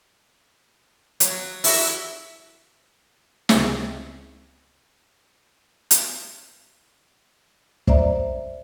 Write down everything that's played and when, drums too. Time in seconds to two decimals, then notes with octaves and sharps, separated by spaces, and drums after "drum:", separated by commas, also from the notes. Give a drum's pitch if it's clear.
1.20 F#3, drum: hi-hat
1.64 E4 F#4 E5, drum: open hi-hat
3.49 C#2 C3 G#3 C4 G#4 E5, drum: snare
5.91 drum: hi-hat
7.87 C5 D5 E5 A#5, drum: kick